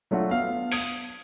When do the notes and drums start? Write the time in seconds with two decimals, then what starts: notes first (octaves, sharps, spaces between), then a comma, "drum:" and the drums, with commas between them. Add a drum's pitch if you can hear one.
0.11 F#3 A3 D4 F4 F#4
0.31 B3 F5
0.72 D#6 G#6 D7, drum: open hi-hat